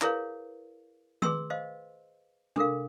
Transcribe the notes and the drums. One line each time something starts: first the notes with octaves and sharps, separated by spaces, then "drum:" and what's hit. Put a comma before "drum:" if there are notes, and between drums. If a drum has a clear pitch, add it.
E4 G#4 A#4 B4 C#5 F5, drum: clap
G#4 B4 C6 E6, drum: tom D#3
C5 D#5 F5
D4 A4 A#4 F5, drum: tom